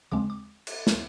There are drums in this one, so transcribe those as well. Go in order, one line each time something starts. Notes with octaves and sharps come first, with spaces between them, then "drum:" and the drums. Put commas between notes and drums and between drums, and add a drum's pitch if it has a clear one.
D#2 C#3 F3 G#3 C4 D6
D6
drum: cymbal
drum: snare